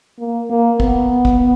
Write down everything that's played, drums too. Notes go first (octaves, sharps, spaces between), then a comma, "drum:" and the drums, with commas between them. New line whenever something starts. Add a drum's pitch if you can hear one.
A#3
A#3
B3, drum: kick
drum: kick